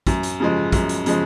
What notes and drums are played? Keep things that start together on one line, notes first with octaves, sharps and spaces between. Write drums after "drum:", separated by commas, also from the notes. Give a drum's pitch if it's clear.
F#2, drum: kick, hi-hat
drum: hi-hat
C#3 F3 G#3
F#2, drum: kick, hi-hat
drum: hi-hat
C#3 F3 G#3, drum: hi-hat